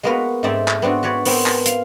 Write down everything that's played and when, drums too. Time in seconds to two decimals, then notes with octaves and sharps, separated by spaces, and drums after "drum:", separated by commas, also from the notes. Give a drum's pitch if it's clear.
0.03 G#3 A#3 B3 F#4 A#4 B4
0.43 G#2 A3 C4 D#4 D5 E5
0.68 drum: clap
0.82 B3 C4 D4 F#4
1.03 F#4 B4 C#5 D5
1.25 B3 C4 A#4 C5, drum: open hi-hat
1.46 drum: clap
1.66 F5, drum: hi-hat